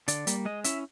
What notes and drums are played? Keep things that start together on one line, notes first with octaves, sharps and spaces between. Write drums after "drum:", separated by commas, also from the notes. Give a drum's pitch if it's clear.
D3 D5, drum: hi-hat
G3 A#3, drum: hi-hat
G#3 D#5
C#4 E4 E5, drum: hi-hat